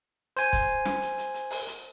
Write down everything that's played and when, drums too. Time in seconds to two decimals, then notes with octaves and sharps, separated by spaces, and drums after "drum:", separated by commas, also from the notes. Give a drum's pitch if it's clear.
0.37 C5 G#5, drum: hi-hat
0.53 drum: kick, hi-hat
0.85 drum: snare
1.02 drum: hi-hat
1.18 drum: hi-hat
1.34 drum: hi-hat
1.50 drum: open hi-hat
1.67 drum: hi-hat